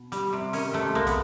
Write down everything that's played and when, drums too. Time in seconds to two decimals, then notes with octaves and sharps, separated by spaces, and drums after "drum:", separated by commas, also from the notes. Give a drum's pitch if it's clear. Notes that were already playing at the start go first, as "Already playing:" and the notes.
Already playing: B2
0.12 G3, drum: hi-hat
0.33 C3
0.53 D#3 C#4, drum: open hi-hat
0.73 C3 A3
0.95 G#3 A#3, drum: tom B1
1.07 B3, drum: kick, hi-hat